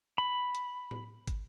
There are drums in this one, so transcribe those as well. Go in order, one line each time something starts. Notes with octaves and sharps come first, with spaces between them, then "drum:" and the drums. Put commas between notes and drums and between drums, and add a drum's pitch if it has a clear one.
B5
drum: hi-hat
drum: tom A2
drum: kick, hi-hat